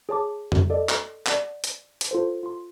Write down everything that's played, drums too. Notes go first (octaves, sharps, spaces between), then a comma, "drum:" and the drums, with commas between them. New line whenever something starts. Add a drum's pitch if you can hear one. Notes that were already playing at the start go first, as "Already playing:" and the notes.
G#4 C#5 A5 D6
drum: tom F2
A4 D5 D#5
drum: clap
D5 F#5, drum: clap
drum: hi-hat
drum: hi-hat
F4 A4 C5
F4 C6